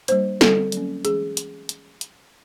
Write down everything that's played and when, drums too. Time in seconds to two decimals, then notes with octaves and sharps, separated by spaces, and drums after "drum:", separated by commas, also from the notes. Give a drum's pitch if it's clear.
0.08 G3 A#3 D4 C5, drum: hi-hat
0.41 D3 G3 C4 A4, drum: snare
0.72 F#3 A#3 C#4, drum: hi-hat
1.05 E3 G#3 C#4 G#4, drum: hi-hat
1.37 drum: hi-hat
1.69 drum: hi-hat
2.01 drum: hi-hat